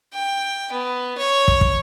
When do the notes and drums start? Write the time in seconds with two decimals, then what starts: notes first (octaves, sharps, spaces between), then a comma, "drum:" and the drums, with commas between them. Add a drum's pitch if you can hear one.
0.13 G5
0.72 B3
1.18 C#5
1.48 drum: kick
1.61 drum: kick